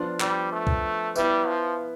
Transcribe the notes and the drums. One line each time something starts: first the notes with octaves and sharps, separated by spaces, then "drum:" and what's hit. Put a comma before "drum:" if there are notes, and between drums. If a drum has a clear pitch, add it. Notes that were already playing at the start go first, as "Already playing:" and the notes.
Already playing: F3 B3 D4 F4
G3, drum: clap
A3
drum: kick
G3 B3 E4 B4, drum: tambourine
F3